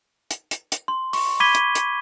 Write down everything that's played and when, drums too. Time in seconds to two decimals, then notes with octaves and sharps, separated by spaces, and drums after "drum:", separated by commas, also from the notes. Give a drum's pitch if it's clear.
0.31 drum: hi-hat
0.51 drum: hi-hat
0.72 drum: hi-hat
0.88 C6
1.13 C#6, drum: open hi-hat
1.40 B5 D6 G#6 B6 D#7 G7
1.55 drum: hi-hat
1.75 drum: hi-hat